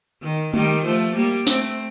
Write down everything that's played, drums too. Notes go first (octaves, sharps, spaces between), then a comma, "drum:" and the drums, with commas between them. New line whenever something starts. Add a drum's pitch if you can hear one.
D#3
D#3 G3, drum: tom G#3
F3 A3
G3 A#3
A3 C4, drum: snare